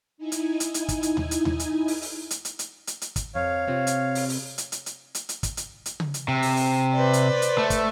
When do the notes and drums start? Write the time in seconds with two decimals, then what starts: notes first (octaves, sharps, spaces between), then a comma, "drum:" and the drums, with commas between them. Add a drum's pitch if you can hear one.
0.18 D#4 E4 G#5
0.32 drum: hi-hat
0.60 drum: hi-hat
0.74 drum: hi-hat
0.88 drum: kick, hi-hat
1.03 drum: hi-hat
1.17 drum: tom D#2
1.31 drum: hi-hat
1.45 drum: tom D#2
1.60 drum: hi-hat
1.88 drum: open hi-hat
2.02 drum: open hi-hat
2.31 drum: hi-hat
2.45 drum: hi-hat
2.59 drum: hi-hat
2.87 drum: hi-hat
3.02 drum: hi-hat
3.16 drum: kick, hi-hat
3.35 F2 C#5 F5
3.68 C3 C4 F4
3.87 drum: hi-hat
4.15 drum: open hi-hat
4.29 drum: open hi-hat
4.58 drum: hi-hat
4.72 drum: hi-hat
4.86 drum: hi-hat
5.15 drum: hi-hat
5.29 drum: hi-hat
5.43 drum: kick, hi-hat
5.57 drum: hi-hat
5.86 drum: hi-hat
6.00 drum: tom C#3
6.14 drum: hi-hat
6.28 C3
6.42 drum: open hi-hat
6.57 drum: open hi-hat
6.93 B4 C5 D5
7.13 drum: hi-hat
7.42 drum: hi-hat
7.58 A3
7.70 drum: kick, hi-hat